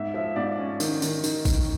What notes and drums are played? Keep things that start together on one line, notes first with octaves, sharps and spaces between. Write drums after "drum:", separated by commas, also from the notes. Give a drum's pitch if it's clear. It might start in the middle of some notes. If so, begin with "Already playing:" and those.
Already playing: G#2 E5
F3 E5
G#2 D5
C#4
D#3, drum: tambourine
D#3, drum: tambourine
D#3, drum: tambourine
D#3, drum: kick A1, tambourine